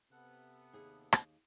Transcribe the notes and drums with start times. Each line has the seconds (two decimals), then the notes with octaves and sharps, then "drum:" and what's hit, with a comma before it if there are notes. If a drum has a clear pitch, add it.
0.12 C3 B3 A4 F#5 F#6
0.73 D#2 G#4
1.13 drum: rim click